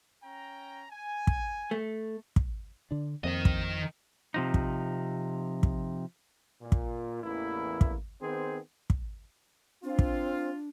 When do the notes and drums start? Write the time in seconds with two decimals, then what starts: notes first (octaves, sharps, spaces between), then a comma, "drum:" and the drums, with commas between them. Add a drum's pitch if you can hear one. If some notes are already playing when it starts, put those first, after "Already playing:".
0.23 C#4 G5 A#5
0.90 G#5
1.27 drum: kick
1.71 A3
2.36 drum: kick
2.91 D3 D4
3.24 F2 D#3 A#3 C4 D#5
3.45 drum: kick
4.34 C3 F3 D#4
4.54 drum: kick
5.63 drum: kick
6.61 A#2
6.72 drum: kick
7.24 A1 E2 A#3 E4
7.81 drum: kick
8.21 D#3 B3 C4 G#4 C5
8.90 drum: kick
9.83 C4 D4 F4
9.99 drum: kick